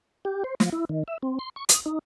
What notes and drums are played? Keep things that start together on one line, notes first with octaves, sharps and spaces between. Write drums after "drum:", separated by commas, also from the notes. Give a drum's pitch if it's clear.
G4
C5
F3, drum: snare
E4
D#3
E5
C4
C6
C#6
D#6, drum: hi-hat
D#4